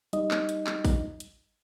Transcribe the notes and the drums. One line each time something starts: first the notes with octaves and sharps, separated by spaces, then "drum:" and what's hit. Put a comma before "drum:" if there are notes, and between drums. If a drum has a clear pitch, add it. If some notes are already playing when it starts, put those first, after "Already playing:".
G3 D#4 D#5, drum: hi-hat
drum: clap
drum: hi-hat
drum: clap
drum: kick, open hi-hat
drum: hi-hat